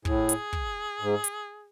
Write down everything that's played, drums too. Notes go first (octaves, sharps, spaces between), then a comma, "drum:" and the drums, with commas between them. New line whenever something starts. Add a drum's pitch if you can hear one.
A2 G#4, drum: kick
drum: hi-hat
drum: kick
G#2
drum: hi-hat